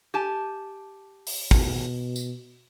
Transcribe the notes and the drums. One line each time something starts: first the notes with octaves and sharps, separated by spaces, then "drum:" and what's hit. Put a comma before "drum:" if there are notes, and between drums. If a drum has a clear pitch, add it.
G4 G#5 A5
drum: open hi-hat
B2, drum: kick
drum: tambourine